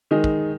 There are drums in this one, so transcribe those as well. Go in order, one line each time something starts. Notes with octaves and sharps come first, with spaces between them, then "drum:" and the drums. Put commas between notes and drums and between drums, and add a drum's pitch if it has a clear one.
D#3 G#3 D#4
drum: kick